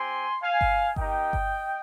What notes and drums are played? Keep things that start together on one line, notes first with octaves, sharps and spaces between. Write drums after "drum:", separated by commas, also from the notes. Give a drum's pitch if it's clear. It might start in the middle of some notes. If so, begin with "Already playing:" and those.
Already playing: C4 G4 G#5 C6
F5 G#5
drum: kick G1
A#3 D#4 G4 D#5 G5, drum: kick G1
drum: kick G1